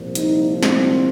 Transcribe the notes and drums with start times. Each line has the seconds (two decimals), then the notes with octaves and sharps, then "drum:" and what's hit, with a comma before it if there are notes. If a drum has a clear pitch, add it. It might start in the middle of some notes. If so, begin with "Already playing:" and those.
Already playing: C2 A#2 F3
0.15 D#4, drum: hi-hat
0.63 C4, drum: snare